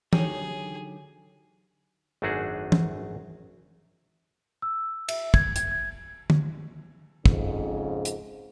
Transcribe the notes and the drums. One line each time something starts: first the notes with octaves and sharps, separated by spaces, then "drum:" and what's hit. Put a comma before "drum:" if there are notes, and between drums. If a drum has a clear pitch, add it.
D3 F#3 D#4 G4 G#4 C#5, drum: tom
G#1 F#2 A3 D4 F#4 G#4
drum: tom
E6
E5, drum: cymbal
G#6, drum: kick
G#6, drum: hi-hat
G#6
drum: tom
F2 G#2 C#3, drum: kick
drum: hi-hat